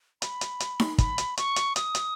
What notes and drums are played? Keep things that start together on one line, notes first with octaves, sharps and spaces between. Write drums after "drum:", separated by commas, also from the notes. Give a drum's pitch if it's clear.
B5, drum: hi-hat
drum: hi-hat
drum: hi-hat
drum: snare D#4
B5, drum: kick, hi-hat
drum: hi-hat
C#6, drum: hi-hat
drum: hi-hat
D#6, drum: hi-hat
drum: hi-hat